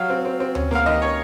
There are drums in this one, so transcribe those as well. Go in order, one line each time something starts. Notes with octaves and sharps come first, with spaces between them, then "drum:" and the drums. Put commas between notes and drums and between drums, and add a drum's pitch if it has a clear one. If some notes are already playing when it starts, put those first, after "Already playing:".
Already playing: F#3 F5
C4
C4
C4
C#4, drum: tom D2
A#3 F5, drum: snare
D#3 D#5
C#4 C#5